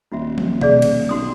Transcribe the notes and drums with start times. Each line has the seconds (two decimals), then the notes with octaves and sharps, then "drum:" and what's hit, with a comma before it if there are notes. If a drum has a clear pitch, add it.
0.12 D#1 F4 F#4 E5
0.38 drum: tom F3
0.61 G#4 D5 F5, drum: tom B2
0.82 drum: cymbal
1.09 B1 F#4 C6 D#6